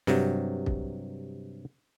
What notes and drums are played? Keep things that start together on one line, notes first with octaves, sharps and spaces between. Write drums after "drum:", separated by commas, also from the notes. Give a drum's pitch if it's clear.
G2 C3 F#3, drum: snare
drum: kick